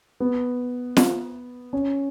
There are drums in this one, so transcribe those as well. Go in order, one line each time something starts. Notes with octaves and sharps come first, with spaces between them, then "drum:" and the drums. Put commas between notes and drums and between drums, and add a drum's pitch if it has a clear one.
B3
drum: snare
C#4